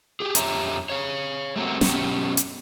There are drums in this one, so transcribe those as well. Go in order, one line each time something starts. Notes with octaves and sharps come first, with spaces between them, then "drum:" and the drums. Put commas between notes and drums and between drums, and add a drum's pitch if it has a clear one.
G4 G#4
F2 D4 G4 C#5 E5 A#5, drum: hi-hat
C#5 F5
G3 A3 A#3 C4 F#4
F#2 B2 B3 C#4 F#4 G4, drum: snare
drum: hi-hat